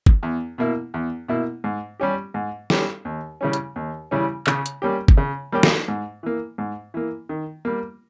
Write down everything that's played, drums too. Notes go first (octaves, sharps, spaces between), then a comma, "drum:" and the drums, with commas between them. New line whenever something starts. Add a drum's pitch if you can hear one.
drum: kick
E2
B2 A#3 E4
E2
B2 A#3 E4
G#2
G3 C#4 G4
G#2
G3 C#4 G4, drum: snare
D#2
C#3 E3 G3 C#4
drum: hi-hat
D#2
C#3 E3 G3 C#4
C#3, drum: clap
drum: hi-hat
G3 A#3 C#4 G4
drum: kick
C#3
G3 A#3 C#4 G4
drum: snare
G#2
E3 A#3
G#2
E3 A#3
D#3
G3 A#3